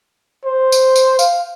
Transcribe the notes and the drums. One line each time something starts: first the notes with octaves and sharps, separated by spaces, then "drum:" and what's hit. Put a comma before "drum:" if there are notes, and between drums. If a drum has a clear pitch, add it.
C5
drum: tambourine
drum: tambourine
F5, drum: tambourine